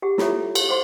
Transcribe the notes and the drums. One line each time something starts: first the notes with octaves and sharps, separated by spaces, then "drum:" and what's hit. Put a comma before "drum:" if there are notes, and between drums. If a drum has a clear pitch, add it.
G4 G#4 F#5
E4 F4 G4 A4 C#5 E5, drum: snare
drum: cymbal
G#4 C5 F#5 C6